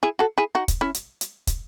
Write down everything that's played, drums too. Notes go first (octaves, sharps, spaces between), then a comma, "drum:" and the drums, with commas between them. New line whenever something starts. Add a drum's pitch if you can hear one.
E4 G#4
F#4 A4
E4 G#4
D#4 F#4
drum: kick, hi-hat
C#4 E4
drum: hi-hat
drum: hi-hat
drum: kick, hi-hat